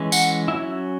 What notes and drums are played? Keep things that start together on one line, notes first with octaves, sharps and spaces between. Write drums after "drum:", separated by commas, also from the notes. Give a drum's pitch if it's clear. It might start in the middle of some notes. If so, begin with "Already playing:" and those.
Already playing: E3 G#3 C#4
F#5, drum: tambourine
F#3 C#4 E4